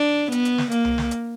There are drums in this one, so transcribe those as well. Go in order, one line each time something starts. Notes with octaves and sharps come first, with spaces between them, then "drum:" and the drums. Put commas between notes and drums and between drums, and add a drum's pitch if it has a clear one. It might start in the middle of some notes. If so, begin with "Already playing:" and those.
Already playing: D4
B3, drum: hi-hat
drum: hi-hat
drum: snare
A#3, drum: hi-hat
drum: tom C2
drum: snare
drum: hi-hat